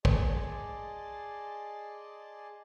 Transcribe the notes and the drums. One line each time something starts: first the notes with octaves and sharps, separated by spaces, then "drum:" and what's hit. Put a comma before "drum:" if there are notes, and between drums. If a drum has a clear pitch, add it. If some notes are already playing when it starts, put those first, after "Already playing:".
G#4 D5 D#5 A5 C6, drum: kick